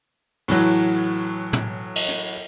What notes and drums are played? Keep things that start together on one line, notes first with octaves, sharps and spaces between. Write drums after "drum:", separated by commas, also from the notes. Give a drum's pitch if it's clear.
A2 E3 F#3, drum: open hi-hat
drum: tom
drum: cymbal
drum: hi-hat